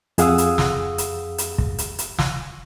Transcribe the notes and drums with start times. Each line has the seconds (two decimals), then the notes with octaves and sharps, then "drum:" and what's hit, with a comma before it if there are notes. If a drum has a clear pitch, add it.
0.18 F2 G#4 F5 F#5 D#6 E6, drum: hi-hat
0.38 drum: hi-hat
0.58 drum: snare
0.98 drum: hi-hat
1.38 drum: hi-hat
1.58 drum: kick
1.78 drum: hi-hat
1.99 drum: hi-hat
2.19 drum: snare